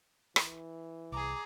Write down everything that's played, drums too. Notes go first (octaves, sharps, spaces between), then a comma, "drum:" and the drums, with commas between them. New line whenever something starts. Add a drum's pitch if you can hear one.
E3, drum: rim click
C2 G#4 A#5 D6